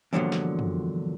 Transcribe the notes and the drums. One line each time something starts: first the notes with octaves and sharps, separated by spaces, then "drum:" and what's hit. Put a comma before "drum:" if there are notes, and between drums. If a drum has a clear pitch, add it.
E2 G2 A#2 D3 F3 F#3
drum: snare
drum: tom